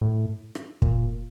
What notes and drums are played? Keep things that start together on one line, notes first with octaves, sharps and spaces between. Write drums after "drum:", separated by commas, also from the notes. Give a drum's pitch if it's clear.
A2
drum: rim click
A#2, drum: kick